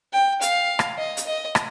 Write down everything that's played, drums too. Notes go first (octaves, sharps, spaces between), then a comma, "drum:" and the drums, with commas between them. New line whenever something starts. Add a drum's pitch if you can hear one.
G5
F5, drum: hi-hat
drum: rim click
D#5
drum: hi-hat
D#5
drum: rim click